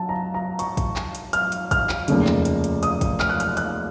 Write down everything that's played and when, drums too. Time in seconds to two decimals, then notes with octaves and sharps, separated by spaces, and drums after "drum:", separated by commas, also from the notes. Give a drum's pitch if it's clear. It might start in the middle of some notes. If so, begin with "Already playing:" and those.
Already playing: F#3 A5
0.09 A#5
0.34 A#5
0.59 C#6, drum: hi-hat
0.77 drum: kick, hi-hat
0.96 drum: clap
1.15 drum: hi-hat
1.33 F6, drum: hi-hat
1.52 drum: hi-hat
1.71 F6, drum: kick, hi-hat
1.89 drum: clap
2.08 F1 D#2 C#3, drum: hi-hat
2.27 drum: clap
2.45 drum: hi-hat
2.64 drum: hi-hat
2.83 D#6, drum: hi-hat
3.01 drum: kick, hi-hat
3.20 F6, drum: clap
3.29 F#6
3.40 F6, drum: hi-hat
3.57 F#6, drum: hi-hat